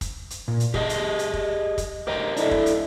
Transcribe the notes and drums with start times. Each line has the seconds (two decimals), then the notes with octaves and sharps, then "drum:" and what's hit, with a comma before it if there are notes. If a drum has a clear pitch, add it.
0.01 drum: kick, hi-hat
0.30 drum: hi-hat
0.48 A#2
0.60 drum: hi-hat
0.74 G4 G#4 D#5 E5 A5, drum: kick
0.89 drum: hi-hat
1.19 drum: hi-hat
1.34 drum: kick
1.78 drum: kick, hi-hat
2.07 G4 A#4 C5 D#5 G5 A#5
2.37 D4 E4 A4 E5, drum: hi-hat
2.51 drum: kick
2.66 drum: hi-hat